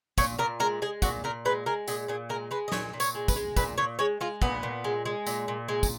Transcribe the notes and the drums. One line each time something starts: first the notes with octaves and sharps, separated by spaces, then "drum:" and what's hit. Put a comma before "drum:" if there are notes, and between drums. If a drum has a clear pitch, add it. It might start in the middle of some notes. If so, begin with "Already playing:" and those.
A#2 C#5, drum: kick, tambourine
A#2 A#4
G#3 A#4
G#3 G#4
A#2 F#4, drum: kick, tambourine
A#2 A#4
G#3 B4
G#3 A#4
A#2 G#4, drum: tambourine
A#2 G#4
G#3 A#4
G#3 B4
D#5
A#2 C#5, drum: snare
A#2
C#5, drum: tambourine
G#3
B4, drum: kick, tambourine
G#3
A#2 B4, drum: kick, tambourine
A#2 C#5
G#3 C#5
G#3 F4
A#2 B3, drum: kick
A#2
G#3
G#3
A#2, drum: tambourine
A#2
G#3
drum: kick, tambourine